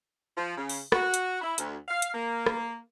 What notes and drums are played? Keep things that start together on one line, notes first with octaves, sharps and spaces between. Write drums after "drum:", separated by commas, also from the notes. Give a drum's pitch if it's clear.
F3
C#3
drum: open hi-hat
F#4, drum: rim click
drum: hi-hat
E4
D2, drum: hi-hat
F5
drum: hi-hat
A#3
drum: rim click